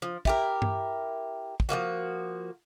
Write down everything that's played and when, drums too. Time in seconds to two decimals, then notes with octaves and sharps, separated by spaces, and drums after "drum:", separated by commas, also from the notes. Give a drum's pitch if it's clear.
0.02 F3
0.25 E4 G4 A#4, drum: kick
0.62 drum: tom G2
1.60 drum: kick
1.69 F3 G#3 A#3 F#4